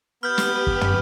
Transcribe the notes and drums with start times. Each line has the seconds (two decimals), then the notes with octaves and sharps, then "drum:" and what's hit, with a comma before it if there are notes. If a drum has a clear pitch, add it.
0.23 B3 G4 B4 B5 F6 G6
0.38 drum: snare
0.67 drum: kick
0.81 drum: tom